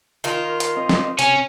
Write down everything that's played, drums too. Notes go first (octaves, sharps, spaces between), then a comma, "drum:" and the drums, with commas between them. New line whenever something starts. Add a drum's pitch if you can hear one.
D#3 F4 A#4
drum: hi-hat
C4 D#5
drum: snare
C3 C#4, drum: hi-hat